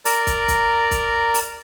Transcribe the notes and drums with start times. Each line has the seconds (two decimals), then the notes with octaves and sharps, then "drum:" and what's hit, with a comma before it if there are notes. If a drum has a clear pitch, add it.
0.05 A#4 D5 A#5, drum: open hi-hat
0.27 drum: kick, hi-hat
0.48 drum: kick, hi-hat
0.91 drum: kick, hi-hat
1.34 drum: open hi-hat